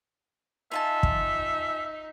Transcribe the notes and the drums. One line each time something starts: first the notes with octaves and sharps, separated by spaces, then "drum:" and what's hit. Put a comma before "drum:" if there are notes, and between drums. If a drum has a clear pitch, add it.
D#4 F4 E5 G#5 A5
drum: kick